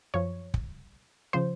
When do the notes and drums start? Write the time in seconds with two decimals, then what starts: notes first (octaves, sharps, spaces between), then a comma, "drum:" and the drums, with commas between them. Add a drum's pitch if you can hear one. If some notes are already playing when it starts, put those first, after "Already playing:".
0.14 F#2 F3 C#5
0.54 drum: kick
1.33 C#3 F3 C5